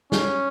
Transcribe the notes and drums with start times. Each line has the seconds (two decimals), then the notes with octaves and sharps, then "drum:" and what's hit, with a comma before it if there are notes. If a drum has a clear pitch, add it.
0.12 C#4, drum: snare